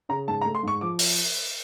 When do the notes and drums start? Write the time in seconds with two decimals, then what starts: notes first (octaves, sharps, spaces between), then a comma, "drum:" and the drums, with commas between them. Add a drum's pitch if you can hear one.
0.09 C#3 A#5
0.28 G#2 A5
0.41 A#5
0.46 A3
0.55 C6
0.63 G#2 C#6
0.81 F3 D6
0.99 drum: open hi-hat